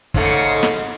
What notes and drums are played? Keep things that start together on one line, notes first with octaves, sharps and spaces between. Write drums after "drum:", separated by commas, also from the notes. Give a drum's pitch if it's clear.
G#2 C#3 A3, drum: kick
drum: snare